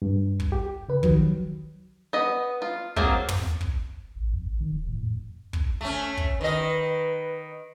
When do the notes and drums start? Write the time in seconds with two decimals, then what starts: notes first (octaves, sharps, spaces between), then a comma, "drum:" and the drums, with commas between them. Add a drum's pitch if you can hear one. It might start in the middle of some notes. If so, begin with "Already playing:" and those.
0.02 G2
0.40 drum: kick
0.52 G4
0.89 C#3 B4
1.03 D#3 F3 F#3, drum: kick
2.13 B3 D#5
2.62 F4
2.96 F#3 A#3 C4 F4 G#4, drum: kick
3.29 drum: tom
3.61 drum: kick
4.16 A1
4.33 F2
4.46 A1
4.60 D#3
4.72 D#1
4.88 A2
5.04 F2
5.53 drum: kick
5.81 A3 C#4
6.17 drum: kick
6.41 D#3 B4 D#5